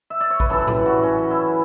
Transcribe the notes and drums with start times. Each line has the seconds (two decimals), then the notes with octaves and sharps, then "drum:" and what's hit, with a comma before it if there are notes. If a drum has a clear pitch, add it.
0.10 E5
0.20 D5
0.30 C#5
0.40 B4, drum: kick A1
0.50 F#2 E3 A4
0.68 G4, drum: tom A2
0.85 F#4
1.03 C#4
1.31 E4